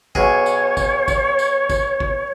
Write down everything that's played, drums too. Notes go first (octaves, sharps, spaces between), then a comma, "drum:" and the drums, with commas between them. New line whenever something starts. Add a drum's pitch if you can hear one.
B1 G#4 C#5, drum: kick
drum: tambourine
drum: kick, tambourine
drum: kick, tambourine
drum: tambourine
drum: kick, tambourine
drum: kick